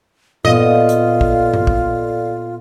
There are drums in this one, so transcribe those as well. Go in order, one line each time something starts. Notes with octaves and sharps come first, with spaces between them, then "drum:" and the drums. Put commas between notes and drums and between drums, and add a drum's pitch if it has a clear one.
A#2 B3 F4 A4 D5 D#5 F5, drum: tom G2
drum: hi-hat
drum: kick
drum: tom G2
drum: kick